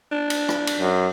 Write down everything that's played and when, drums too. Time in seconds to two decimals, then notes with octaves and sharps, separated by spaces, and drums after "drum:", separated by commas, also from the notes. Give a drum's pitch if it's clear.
0.12 D4
0.30 drum: cymbal
0.49 drum: rim click
0.67 drum: cymbal
0.80 F#2